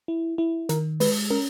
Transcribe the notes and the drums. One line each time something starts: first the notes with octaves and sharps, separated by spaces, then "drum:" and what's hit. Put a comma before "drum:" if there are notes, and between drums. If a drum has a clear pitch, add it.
E4
E4
D#3 A#4, drum: hi-hat
G#3 B4, drum: open hi-hat
C#4 A#4